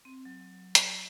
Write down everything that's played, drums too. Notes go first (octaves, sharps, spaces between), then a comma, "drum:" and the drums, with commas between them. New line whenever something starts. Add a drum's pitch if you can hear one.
C4
F#3
drum: hi-hat